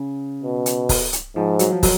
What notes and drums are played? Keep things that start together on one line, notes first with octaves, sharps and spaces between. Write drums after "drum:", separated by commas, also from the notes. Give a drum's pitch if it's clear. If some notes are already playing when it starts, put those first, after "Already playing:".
Already playing: C#3
B2
drum: hi-hat
drum: kick, open hi-hat
drum: hi-hat
G#2 F3
F#3, drum: hi-hat
F3
F#3, drum: kick, open hi-hat